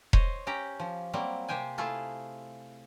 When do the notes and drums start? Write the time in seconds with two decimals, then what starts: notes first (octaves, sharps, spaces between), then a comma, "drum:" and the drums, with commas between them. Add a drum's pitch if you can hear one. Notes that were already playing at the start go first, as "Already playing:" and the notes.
0.13 C5 C#5 D#5, drum: kick E1
0.47 C#4 G4 G5 A#5
0.80 F3
1.13 F#3 G3 A#3 C4
1.48 C3 G4 C5 G5 G#5
1.78 A3 E4 F4 G#4